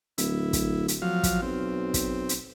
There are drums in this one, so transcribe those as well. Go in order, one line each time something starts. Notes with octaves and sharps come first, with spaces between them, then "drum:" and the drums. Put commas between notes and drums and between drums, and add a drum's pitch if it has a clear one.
D1 E4, drum: hi-hat
drum: kick, hi-hat
drum: hi-hat
F3 F#3 F5
drum: kick, hi-hat
B1 C4
drum: kick, hi-hat
drum: hi-hat